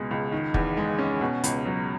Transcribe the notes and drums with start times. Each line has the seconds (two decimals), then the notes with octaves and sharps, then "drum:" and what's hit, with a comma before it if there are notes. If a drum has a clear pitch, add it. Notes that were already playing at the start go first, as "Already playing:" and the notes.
Already playing: C#2 B2 G#3
0.11 C#2
0.32 D#3
0.54 E2, drum: kick
0.77 G#3
0.99 C#4
1.21 B2
1.44 C#2, drum: hi-hat
1.65 F#3